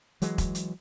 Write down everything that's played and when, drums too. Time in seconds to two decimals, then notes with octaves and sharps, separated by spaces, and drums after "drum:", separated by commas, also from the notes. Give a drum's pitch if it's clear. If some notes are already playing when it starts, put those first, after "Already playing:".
0.22 E3 F#3 G#3, drum: hi-hat
0.38 drum: kick E1, hi-hat
0.55 drum: hi-hat